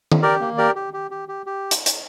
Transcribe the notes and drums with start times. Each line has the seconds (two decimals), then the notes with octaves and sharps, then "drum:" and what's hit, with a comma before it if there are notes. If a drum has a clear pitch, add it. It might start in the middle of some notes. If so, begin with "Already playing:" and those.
0.12 drum: tom D#3
0.23 G4 A#4 D5
0.41 A#3
0.58 G4 A#4 D5
0.76 G4
0.93 G4
1.11 G4
1.29 G4
1.46 G4
1.71 drum: hi-hat
1.86 drum: hi-hat